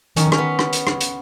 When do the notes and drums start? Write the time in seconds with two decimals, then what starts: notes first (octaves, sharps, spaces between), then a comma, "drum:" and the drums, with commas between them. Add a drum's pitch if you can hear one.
0.17 D#3 C#4, drum: hi-hat
0.32 C#4, drum: rim click
0.38 B3
0.59 drum: rim click
0.73 drum: hi-hat
0.87 drum: rim click
1.01 drum: hi-hat